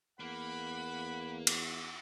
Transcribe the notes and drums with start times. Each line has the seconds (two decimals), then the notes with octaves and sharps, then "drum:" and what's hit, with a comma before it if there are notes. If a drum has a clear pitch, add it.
0.20 E2 A#3 F#5 B5
1.47 drum: cymbal